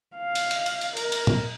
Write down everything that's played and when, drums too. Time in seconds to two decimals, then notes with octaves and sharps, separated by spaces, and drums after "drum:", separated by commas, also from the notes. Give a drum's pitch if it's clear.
0.16 F5
0.35 drum: cymbal
0.51 drum: cymbal
0.66 drum: cymbal
0.81 drum: cymbal
0.97 A#4, drum: cymbal
1.12 drum: cymbal
1.27 drum: tom